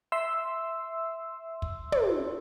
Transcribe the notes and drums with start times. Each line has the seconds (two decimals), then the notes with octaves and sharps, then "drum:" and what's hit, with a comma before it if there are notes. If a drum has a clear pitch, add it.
0.12 E5 C6 E6
1.62 drum: kick
1.92 drum: tom